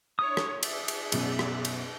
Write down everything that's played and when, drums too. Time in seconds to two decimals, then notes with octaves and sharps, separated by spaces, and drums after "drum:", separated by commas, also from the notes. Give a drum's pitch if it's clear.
0.19 D4 E4 C#5 D#6
0.37 drum: rim click
0.63 G#4 D5 E5, drum: cymbal
0.88 drum: cymbal
1.12 F#2 B2, drum: cymbal
1.39 drum: rim click
1.65 drum: cymbal